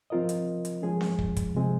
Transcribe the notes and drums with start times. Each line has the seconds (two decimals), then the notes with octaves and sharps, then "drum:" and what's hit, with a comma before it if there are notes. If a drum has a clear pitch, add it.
0.10 F3 C4 F4 A#4 D#5
0.29 drum: hi-hat
0.65 drum: hi-hat
0.82 F3 G#3 C#4 G#4
1.01 drum: snare C4
1.19 drum: kick
1.36 drum: kick, hi-hat
1.54 C3 F3 G#3 C4